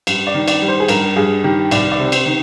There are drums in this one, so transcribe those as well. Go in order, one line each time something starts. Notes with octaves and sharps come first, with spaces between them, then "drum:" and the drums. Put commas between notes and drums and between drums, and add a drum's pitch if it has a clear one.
G2, drum: cymbal
D5
D#3
D5, drum: cymbal
G3
C5
G#4
G2 A#4, drum: cymbal
G2 G#4
D#3 G4
C2 D5, drum: cymbal
D5
C3
C5, drum: cymbal
D#3